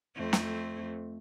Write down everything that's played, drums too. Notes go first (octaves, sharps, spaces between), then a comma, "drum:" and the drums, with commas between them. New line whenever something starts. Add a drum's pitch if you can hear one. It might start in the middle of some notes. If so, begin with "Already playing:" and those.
F2 A3 C4
drum: snare